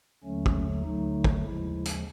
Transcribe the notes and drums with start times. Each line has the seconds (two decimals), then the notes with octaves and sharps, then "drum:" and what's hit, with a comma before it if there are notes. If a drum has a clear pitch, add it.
0.24 D#2 D3 F#3 A3 C#4
0.46 drum: kick
0.84 D2 D3 F#3 A3 D#4
1.24 drum: kick
1.43 D#2 C#3 F3 G#3 E4
1.85 drum: hi-hat